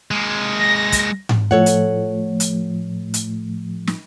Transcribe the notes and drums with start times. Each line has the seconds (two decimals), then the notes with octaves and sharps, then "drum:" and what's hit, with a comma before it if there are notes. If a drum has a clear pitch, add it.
0.11 G#3 A#3
0.55 A#6
0.92 drum: kick, hi-hat
1.29 drum: tom G#2
1.51 A2 F3 A3 A4 C#5 F#5
1.66 drum: hi-hat
2.40 drum: hi-hat
3.14 drum: hi-hat
3.87 drum: snare